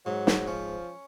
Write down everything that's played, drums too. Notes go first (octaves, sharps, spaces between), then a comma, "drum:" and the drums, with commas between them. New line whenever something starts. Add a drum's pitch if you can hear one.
G#2 F#3
drum: snare
F3 C#4